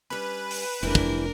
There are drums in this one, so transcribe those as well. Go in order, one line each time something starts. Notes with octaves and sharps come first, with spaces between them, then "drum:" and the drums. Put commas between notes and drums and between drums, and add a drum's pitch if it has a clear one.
G3 C#4 B4
drum: open hi-hat
F1 E3 G3 D4 E4 A#4
drum: kick